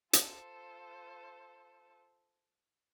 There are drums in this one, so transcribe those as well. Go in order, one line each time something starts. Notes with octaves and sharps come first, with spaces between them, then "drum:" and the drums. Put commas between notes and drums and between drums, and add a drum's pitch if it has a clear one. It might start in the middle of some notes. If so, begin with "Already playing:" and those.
F4 A4 C5, drum: hi-hat